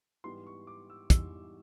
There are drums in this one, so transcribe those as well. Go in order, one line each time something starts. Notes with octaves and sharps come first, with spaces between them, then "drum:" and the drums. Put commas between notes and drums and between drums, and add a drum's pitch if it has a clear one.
G#2 E3 G3 B3 C6
C#6
D6
E6
G#2 E3 G3 B3 E6, drum: kick, hi-hat